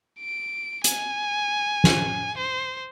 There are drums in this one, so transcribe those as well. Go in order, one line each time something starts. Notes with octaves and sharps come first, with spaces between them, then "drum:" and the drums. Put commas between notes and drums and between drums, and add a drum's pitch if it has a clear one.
D7
G#5, drum: hi-hat
drum: snare
C5